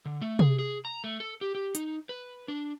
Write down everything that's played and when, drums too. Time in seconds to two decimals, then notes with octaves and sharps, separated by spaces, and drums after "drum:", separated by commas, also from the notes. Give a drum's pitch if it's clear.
0.05 D3
0.21 A3
0.39 G#4, drum: tom C3
0.59 G#4
0.85 A#5
1.04 A3
1.20 A4
1.41 G4
1.55 G4
1.75 D#4, drum: hi-hat
2.09 B4
2.48 D4